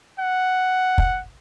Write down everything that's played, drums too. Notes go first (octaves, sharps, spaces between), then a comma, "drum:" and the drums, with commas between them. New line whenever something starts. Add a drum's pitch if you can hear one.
F#5
drum: kick